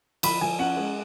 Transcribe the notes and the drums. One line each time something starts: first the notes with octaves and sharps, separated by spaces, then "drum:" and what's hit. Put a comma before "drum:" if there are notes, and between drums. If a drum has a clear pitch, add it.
F3 B5, drum: cymbal
F3 G#5
C#4 F#5
G#3